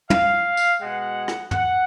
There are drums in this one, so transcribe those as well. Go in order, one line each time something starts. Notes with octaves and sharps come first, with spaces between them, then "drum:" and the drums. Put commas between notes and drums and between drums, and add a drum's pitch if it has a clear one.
F5, drum: tom
drum: tambourine
B2 G#3 F#5
drum: rim click
F#5, drum: tom